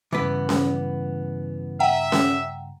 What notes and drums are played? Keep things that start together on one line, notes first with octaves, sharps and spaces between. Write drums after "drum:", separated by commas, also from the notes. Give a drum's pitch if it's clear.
G2 C#3 E3 G3 B3 B4 D6
drum: snare C#4
E5 F#5 G5 A#5
drum: snare C#4